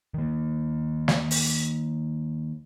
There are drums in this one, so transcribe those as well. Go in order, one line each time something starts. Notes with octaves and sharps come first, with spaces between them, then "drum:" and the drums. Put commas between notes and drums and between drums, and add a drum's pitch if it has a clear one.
D#3 A#3
drum: snare
drum: open hi-hat